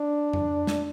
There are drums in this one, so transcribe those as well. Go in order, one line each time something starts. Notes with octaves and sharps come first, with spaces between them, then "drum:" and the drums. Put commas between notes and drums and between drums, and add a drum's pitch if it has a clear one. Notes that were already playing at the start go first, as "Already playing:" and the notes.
Already playing: D4
drum: tom F2
drum: snare